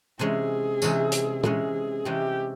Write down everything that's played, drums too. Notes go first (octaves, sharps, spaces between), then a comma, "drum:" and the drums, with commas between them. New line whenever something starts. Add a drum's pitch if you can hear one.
C3 E3 G#3 C#4 G#4
C3 E3 G#3 C#4, drum: tambourine
drum: hi-hat
C3 E3 G#3 C#4 G#4, drum: tom
C3 E3 G#3 C#4 G4